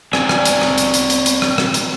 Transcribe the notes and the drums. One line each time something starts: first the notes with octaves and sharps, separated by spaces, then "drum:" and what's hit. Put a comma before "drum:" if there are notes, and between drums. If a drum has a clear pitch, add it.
C4 D5 G#5, drum: rim click
drum: rim click
drum: hi-hat
drum: rim click
drum: hi-hat
drum: hi-hat
drum: hi-hat
drum: hi-hat
drum: rim click
drum: rim click
drum: hi-hat